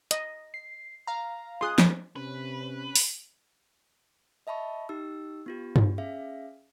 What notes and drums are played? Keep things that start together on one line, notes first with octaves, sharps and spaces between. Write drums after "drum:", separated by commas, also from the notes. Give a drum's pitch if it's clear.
D#5, drum: hi-hat
C7
F5 A#5
F4 G#4 C6 D#6 F#6
drum: snare
C3 C#4 B4
drum: open hi-hat
D#5 E5 A5 B5 C#6
D#4 G4 E6
B3 F4 G4
drum: tom G2
C#4 G#4 E5 F5